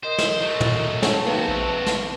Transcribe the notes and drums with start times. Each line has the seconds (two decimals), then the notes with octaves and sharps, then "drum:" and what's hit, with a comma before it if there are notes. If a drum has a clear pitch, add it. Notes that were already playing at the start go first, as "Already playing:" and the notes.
0.04 A#4 C5 D#5
0.18 drum: snare
0.41 F#3 A3
0.60 drum: tom
1.03 C#4 F#4 A5, drum: snare
1.26 C3 D#3 G#3 A#3 F#4 B4
1.48 A#1 E5
1.87 drum: snare